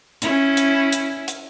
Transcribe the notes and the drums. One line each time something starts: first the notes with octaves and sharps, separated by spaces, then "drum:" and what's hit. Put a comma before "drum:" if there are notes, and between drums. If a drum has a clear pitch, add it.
C#4 E4, drum: hi-hat
drum: hi-hat
drum: hi-hat
drum: hi-hat